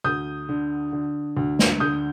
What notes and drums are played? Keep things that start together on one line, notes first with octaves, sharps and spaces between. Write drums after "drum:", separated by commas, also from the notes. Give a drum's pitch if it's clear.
D2 D#6 G6
D3
D3
D2
drum: snare
D3 D#6 G6